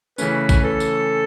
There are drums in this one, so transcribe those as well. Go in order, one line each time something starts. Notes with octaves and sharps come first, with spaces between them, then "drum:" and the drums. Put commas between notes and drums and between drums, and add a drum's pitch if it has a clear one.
C#3 E3 A3 C#4 B4, drum: tambourine
drum: kick, tambourine
A4
drum: tambourine